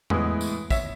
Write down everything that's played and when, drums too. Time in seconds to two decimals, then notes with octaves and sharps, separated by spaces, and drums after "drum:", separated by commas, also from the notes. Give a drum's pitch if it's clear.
0.10 A2 E3 G#3 B3 E4, drum: tom E2
0.41 drum: tambourine
0.70 C#5 E5, drum: kick, tambourine